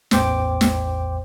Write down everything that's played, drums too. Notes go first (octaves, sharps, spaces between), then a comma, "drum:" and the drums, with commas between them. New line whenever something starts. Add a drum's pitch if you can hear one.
A1 E2 C5 G5 D6, drum: snare
drum: snare